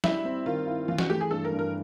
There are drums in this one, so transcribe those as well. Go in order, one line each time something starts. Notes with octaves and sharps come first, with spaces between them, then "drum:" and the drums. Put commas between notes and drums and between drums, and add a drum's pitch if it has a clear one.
G3 E4, drum: snare
C4
D#3 F4
E4
E3 F4
F#4, drum: snare
A3 G4
G#4
G2 A4
A#4
G2
A#4